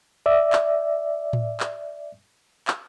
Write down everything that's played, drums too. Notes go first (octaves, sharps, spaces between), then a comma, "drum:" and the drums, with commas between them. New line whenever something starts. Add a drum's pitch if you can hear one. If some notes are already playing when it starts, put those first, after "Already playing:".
D5 E5
drum: clap
drum: tom A2
drum: clap
drum: clap